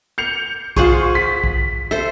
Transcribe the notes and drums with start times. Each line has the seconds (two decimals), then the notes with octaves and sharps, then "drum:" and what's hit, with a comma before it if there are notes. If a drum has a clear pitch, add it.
0.18 G6 C#7 F7
0.77 F4 G#4 C5 F#5 C#6, drum: kick B1
1.15 B6
1.44 drum: kick B1
1.91 A4 C5 E5